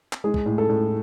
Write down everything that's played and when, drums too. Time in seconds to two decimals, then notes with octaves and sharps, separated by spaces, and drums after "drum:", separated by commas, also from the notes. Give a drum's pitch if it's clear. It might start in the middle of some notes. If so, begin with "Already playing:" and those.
0.13 drum: clap
0.24 G#3 G#4
0.34 drum: kick
0.46 A2
0.58 A4
0.69 A2